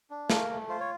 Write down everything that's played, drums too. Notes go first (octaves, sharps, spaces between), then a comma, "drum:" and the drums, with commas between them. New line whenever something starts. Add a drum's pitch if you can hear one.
D4
A3 A#3 A#4, drum: snare
A3
F4 C5
C#5